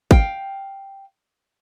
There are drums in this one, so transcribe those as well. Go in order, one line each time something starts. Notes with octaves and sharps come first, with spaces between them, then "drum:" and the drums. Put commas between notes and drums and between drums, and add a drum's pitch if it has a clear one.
F5 G5, drum: kick